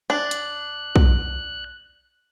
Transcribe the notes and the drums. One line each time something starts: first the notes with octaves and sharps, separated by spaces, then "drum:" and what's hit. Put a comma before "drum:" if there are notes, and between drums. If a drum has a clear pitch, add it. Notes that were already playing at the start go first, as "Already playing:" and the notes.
D4 F#6
drum: hi-hat
drum: kick